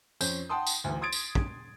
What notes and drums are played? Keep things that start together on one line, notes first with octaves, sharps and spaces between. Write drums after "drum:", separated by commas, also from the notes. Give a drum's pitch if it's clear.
F2 C#4 C5 G6, drum: tambourine
F#5 G5 A5 C6 D#6
drum: tambourine
A1 D2
C6 D#6 G#6 A6 D7
drum: tambourine
drum: kick